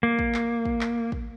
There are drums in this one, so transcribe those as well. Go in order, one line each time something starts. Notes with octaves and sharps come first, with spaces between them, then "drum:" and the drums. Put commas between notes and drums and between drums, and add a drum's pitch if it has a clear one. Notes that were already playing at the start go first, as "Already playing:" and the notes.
A#3
drum: kick
drum: clap
drum: kick
drum: clap
drum: kick